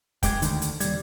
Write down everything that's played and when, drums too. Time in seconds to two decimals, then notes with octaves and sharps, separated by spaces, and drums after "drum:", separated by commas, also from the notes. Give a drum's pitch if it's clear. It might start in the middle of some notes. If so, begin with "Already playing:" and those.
0.23 F1 G#3 G5 D6 G#6, drum: kick, hi-hat
0.42 D2 D#3, drum: hi-hat
0.62 drum: hi-hat
0.80 D#2 G3 G#6, drum: hi-hat